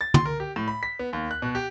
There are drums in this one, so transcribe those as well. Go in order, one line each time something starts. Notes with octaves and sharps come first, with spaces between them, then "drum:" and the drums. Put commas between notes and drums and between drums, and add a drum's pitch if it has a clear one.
A6
C6, drum: tom
A#4
G4
A2
B5
B6
B3
D#2
F#6
B2
G4